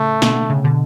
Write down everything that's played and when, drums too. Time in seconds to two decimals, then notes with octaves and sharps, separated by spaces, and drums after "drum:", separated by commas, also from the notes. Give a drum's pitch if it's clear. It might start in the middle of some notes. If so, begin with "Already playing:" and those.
Already playing: A2 C#3 A3
0.22 B2 D3, drum: snare
0.50 A2 C#3
0.64 B2 D3